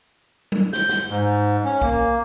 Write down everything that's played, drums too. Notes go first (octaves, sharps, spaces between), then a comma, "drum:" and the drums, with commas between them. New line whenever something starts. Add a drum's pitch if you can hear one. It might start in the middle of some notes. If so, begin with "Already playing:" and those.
drum: tom F#3
G6, drum: snare
drum: snare
G#2
C#4
A#3, drum: kick B1